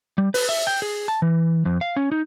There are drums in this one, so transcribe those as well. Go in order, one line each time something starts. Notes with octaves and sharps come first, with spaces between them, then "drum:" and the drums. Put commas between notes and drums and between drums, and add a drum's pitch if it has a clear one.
G3
B4, drum: open hi-hat
E5
G5
G#4
A5
E3
F2
F5
C#4
D#4